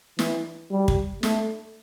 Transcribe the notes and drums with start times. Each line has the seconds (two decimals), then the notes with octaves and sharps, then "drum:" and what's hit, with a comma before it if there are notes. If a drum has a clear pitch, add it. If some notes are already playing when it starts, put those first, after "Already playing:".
0.19 E3, drum: snare
0.71 G3
0.88 drum: kick
1.23 A3, drum: snare